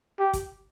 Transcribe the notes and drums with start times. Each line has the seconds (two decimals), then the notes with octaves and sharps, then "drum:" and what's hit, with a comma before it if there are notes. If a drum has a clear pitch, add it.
0.19 G4
0.33 drum: kick, hi-hat